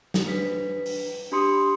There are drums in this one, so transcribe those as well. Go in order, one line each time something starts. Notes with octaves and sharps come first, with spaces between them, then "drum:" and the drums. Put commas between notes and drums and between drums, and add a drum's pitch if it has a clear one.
drum: snare
D4 B4 B6
drum: open hi-hat
D4 G4 B5 C6 D#6 C#7